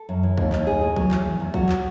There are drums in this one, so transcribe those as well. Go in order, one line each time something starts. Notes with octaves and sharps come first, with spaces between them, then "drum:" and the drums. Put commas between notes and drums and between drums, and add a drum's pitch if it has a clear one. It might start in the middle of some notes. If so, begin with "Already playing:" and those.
Already playing: A4
F#2
E3
D#2, drum: kick
D#2, drum: clap
A2 G#4
A2
F#3, drum: kick
E3, drum: clap
E2
E2
F#3 F#4, drum: kick
drum: clap